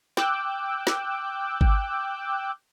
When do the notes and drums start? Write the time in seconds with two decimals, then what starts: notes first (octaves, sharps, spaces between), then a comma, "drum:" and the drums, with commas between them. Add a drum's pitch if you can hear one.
0.17 G5 D6 E6 F#6 G6, drum: snare
0.87 drum: snare
1.61 drum: kick G#1